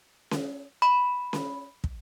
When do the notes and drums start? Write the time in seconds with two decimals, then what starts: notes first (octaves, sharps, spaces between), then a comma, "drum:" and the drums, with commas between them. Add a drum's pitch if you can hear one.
0.31 drum: snare C#4
0.82 B5
1.33 drum: snare C#4
1.84 drum: kick